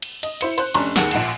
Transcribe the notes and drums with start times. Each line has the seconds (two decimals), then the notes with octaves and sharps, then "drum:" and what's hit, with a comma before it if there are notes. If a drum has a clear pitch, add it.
0.02 drum: cymbal
0.23 D#5, drum: cymbal
0.41 E4 C5 C#7, drum: cymbal
0.58 C5 F#6, drum: cymbal
0.74 F1 C#4 D4 A#5 C6 C#6, drum: cymbal
0.96 D#2 G#4 F#5 C#7, drum: snare
1.11 A#1 A#2 F#5 C7 E7, drum: cymbal